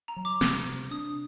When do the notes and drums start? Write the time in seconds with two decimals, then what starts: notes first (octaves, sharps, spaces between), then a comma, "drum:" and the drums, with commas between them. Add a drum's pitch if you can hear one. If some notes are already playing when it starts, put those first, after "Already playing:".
0.08 A#5
0.16 F#3
0.25 D6
0.41 C3, drum: snare
0.66 C3
0.91 D4 D#6